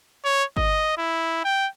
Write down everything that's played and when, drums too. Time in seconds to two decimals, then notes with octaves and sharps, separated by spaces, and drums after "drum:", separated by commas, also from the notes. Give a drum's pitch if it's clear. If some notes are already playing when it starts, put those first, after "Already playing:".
0.24 C#5
0.57 D#5, drum: kick G1
0.97 E4
1.44 G5